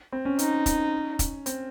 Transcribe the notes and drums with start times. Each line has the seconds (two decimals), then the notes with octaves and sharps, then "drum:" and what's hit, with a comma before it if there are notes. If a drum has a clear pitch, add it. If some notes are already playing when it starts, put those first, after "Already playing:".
0.12 C4
0.25 C#4
0.39 D#4, drum: hi-hat
0.66 drum: kick, hi-hat
1.19 drum: kick, hi-hat
1.46 C4, drum: hi-hat